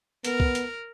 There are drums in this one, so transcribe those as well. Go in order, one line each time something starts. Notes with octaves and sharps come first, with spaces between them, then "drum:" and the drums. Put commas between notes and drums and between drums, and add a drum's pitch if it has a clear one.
B3 A#4, drum: hi-hat
drum: kick C2
drum: hi-hat